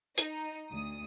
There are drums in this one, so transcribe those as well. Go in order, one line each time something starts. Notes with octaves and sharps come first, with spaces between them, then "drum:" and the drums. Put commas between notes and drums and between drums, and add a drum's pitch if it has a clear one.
D#4, drum: hi-hat
D2 D#6